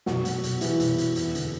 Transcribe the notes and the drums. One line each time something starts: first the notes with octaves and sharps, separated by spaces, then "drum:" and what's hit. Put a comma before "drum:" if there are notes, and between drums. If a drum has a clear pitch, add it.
B1 F#3 F#4, drum: snare
B2, drum: hi-hat
B1, drum: hi-hat
E3 G3 E4, drum: hi-hat
B1, drum: hi-hat
B2, drum: hi-hat
E2, drum: hi-hat
D3, drum: hi-hat